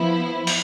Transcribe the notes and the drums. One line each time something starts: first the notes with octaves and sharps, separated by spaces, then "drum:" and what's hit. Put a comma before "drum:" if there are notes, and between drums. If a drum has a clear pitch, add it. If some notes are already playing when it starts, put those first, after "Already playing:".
Already playing: F3 B3 E4
drum: open hi-hat